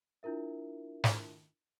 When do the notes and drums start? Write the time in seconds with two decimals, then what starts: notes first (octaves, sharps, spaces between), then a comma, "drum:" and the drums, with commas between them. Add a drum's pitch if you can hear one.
0.23 D4 E4 F4 A#4 E5
1.04 drum: snare